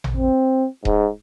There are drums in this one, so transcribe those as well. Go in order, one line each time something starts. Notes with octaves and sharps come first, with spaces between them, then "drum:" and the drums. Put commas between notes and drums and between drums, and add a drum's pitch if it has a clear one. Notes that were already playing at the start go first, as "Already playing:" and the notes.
drum: tom A1
C4
G#2, drum: kick D#1